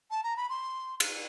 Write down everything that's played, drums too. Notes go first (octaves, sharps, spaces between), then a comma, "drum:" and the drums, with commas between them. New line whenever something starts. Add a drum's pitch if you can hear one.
A5
A#5
B5
C6
drum: cymbal